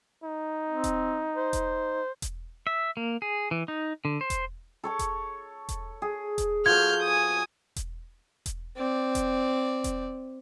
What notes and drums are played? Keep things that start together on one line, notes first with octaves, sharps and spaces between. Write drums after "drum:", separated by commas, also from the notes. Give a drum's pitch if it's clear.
D#4
C4
drum: kick E1, hi-hat
C5
drum: kick E1, hi-hat
drum: kick E1, hi-hat
E5
A#3
G#4
E3
D#4
D3
C5
drum: kick E1, hi-hat
A4 C#5 A5
drum: kick E1, hi-hat
drum: kick E1, hi-hat
G#4
drum: kick E1, hi-hat
F3 F#4 A4 F6 G6 G#6
G#5 D#6
drum: kick E1, hi-hat
drum: kick E1, hi-hat
C4 D5
drum: kick E1, hi-hat
drum: kick E1, hi-hat